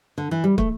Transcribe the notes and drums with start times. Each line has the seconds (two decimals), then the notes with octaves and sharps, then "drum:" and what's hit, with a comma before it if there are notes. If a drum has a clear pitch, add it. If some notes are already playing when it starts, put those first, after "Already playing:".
0.18 D3
0.31 E3
0.44 G3
0.58 A3, drum: kick